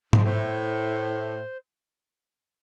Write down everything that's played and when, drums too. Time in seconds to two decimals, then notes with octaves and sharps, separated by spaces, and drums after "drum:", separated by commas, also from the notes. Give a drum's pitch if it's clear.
0.13 G#2, drum: tom G#2
0.24 A2 C5